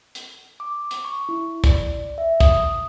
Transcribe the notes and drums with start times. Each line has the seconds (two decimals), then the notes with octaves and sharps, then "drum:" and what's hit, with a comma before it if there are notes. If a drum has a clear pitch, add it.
0.15 drum: hi-hat
0.60 D6
0.91 drum: hi-hat
1.05 C#6
1.29 E4
1.64 D5, drum: kick, hi-hat
2.18 E5
2.40 D#6, drum: kick, hi-hat